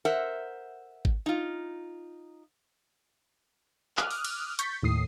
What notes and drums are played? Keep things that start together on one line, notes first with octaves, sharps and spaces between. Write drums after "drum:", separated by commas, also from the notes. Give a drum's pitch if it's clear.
A#4 C5 E5 F#5
drum: kick G#1
D#4 F4
D6 D#6 F6 F#6, drum: clap
drum: open hi-hat
drum: cymbal
C#6 G6 A6 B6, drum: hi-hat
D#2 A2 D#6 C7